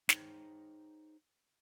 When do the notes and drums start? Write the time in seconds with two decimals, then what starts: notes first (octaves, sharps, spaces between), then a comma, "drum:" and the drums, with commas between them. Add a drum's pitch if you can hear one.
0.09 D#4 G#4 C5 C#5 G5, drum: snare